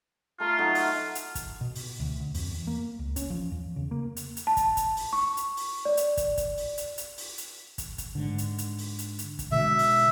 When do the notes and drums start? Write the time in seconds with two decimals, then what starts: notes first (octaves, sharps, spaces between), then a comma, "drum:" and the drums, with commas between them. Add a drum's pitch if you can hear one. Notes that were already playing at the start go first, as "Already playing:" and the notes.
0.40 A3 F4 A#5
0.58 F#3 A3 D#4
0.75 drum: open hi-hat
1.15 drum: hi-hat
1.35 drum: kick, hi-hat
1.61 B2
1.75 drum: open hi-hat
2.00 D2
2.20 D2
2.35 F2, drum: open hi-hat
2.51 E2
2.67 A#3
2.99 C#2
3.16 C#4, drum: kick, hi-hat
3.30 F3
3.52 E2
3.76 C#3
3.91 A#3
4.17 drum: hi-hat
4.37 drum: hi-hat
4.47 A5
4.57 drum: kick, hi-hat
4.77 drum: kick, hi-hat
4.97 drum: open hi-hat
5.13 C#6
5.37 drum: hi-hat
5.57 drum: open hi-hat
5.85 D5
5.97 drum: hi-hat
6.17 drum: kick, hi-hat
6.37 drum: kick, hi-hat
6.58 drum: open hi-hat
6.78 drum: hi-hat
6.98 drum: hi-hat
7.18 drum: open hi-hat
7.38 drum: hi-hat
7.78 drum: kick, hi-hat
7.98 drum: kick, hi-hat
8.15 G#2 D3
8.38 drum: hi-hat
8.58 drum: hi-hat
8.78 drum: open hi-hat
8.99 drum: hi-hat
9.19 drum: hi-hat
9.39 drum: kick, hi-hat
9.52 B2 D3 G#3 E5
9.79 drum: open hi-hat